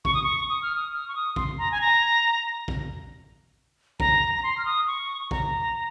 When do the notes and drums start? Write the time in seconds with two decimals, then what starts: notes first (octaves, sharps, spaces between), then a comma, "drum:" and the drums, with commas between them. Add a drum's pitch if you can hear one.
0.05 C#6, drum: kick A1
0.14 D#6
0.23 C#6
0.49 D#6
0.62 F6
0.75 D#6
0.93 F6
1.08 C#6
1.15 D#6
1.36 C6, drum: kick A1
1.58 A#5
1.72 G#5
1.81 A#5
2.68 drum: kick A1
4.00 A#5, drum: kick A1
4.35 A#5
4.43 C6
4.58 F6
4.65 D#6
4.87 C#6
5.31 A#5, drum: kick A1